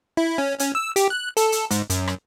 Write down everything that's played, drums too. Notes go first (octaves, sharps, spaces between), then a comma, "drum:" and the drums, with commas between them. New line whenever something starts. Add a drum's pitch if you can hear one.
E4
C#4
C#4, drum: hi-hat
E6
G4, drum: hi-hat
F#6
A4, drum: hi-hat
drum: hi-hat
G#2, drum: hi-hat
F#2, drum: hi-hat
drum: rim click